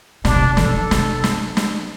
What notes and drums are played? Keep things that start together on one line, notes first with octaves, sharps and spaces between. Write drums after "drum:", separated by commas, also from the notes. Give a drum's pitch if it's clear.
B2 D4, drum: snare
C3
E3 A4, drum: snare
E3
C3, drum: snare
drum: snare
drum: snare